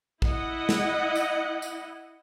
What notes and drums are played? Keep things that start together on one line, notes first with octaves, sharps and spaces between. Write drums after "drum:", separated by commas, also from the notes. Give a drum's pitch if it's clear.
E4 D#5 F#5, drum: kick
drum: snare
drum: tambourine
drum: tambourine